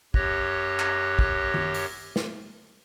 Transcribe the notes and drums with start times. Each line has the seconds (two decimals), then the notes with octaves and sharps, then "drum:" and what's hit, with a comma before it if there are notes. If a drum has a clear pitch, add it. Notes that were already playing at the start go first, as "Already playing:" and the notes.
0.14 F#2 G4 C#5 F#6 A#6, drum: kick
0.79 drum: clap
1.19 drum: kick
1.54 drum: tom
1.74 drum: open hi-hat
2.16 drum: snare